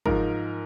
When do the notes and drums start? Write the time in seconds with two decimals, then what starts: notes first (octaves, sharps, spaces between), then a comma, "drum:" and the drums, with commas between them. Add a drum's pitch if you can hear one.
0.06 G#2 F3 A#4, drum: kick